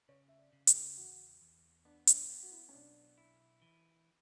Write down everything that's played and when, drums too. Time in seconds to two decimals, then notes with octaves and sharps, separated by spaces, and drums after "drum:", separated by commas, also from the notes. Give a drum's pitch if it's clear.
0.08 C#3 C#5
0.28 E5
0.38 D5
0.53 C#3
0.67 G#4, drum: hi-hat
0.97 E2 F#4
1.41 E2
1.85 B3 D4
2.07 D4, drum: hi-hat
2.29 B3
2.43 F#4
2.52 E4
2.69 C#4
2.74 B1 D4
3.18 E4
3.62 E3